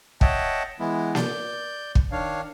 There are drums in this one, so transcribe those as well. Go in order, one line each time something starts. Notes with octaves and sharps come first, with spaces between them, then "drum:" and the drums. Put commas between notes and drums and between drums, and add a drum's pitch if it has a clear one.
C#5 D#5 E5 F#5 G5 A5, drum: kick
E3 G#3 B3 E4
D5 G6, drum: snare A#3
drum: kick
D#3 D4 C#5 F5